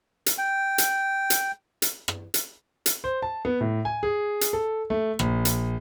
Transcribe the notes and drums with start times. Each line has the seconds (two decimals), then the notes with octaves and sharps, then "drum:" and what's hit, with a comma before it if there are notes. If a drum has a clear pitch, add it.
0.26 drum: hi-hat
0.38 G5
0.78 drum: hi-hat
1.30 drum: hi-hat
1.82 drum: hi-hat
2.08 drum: rim click
2.34 drum: hi-hat
2.86 drum: hi-hat
3.04 C5
3.22 A5
3.45 B3
3.61 A2
3.85 G#5
4.03 G#4
4.41 drum: hi-hat
4.53 A4
4.90 A3
5.19 A#1, drum: rim click
5.45 drum: hi-hat